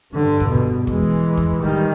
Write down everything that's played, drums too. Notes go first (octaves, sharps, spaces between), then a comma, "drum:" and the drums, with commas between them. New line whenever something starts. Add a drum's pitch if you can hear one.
G2 D3
drum: kick
B2
E3 G#3, drum: kick
drum: kick
D#3 G3